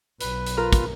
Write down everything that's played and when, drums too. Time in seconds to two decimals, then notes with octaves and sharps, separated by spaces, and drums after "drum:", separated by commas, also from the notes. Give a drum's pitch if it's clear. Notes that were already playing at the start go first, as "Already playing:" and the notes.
0.21 B1 B4, drum: hi-hat
0.47 drum: hi-hat
0.57 F4 A#4
0.73 drum: kick, hi-hat